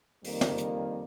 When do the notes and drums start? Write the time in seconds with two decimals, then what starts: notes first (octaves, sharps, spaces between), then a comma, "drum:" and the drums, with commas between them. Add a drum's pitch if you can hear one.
0.24 F2 D#3 G3 A#3, drum: open hi-hat
0.41 drum: snare
0.58 drum: hi-hat